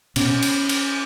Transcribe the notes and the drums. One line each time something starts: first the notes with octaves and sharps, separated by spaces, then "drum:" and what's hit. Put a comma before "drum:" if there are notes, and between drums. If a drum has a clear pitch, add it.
B2 C#4, drum: cymbal
drum: cymbal
drum: cymbal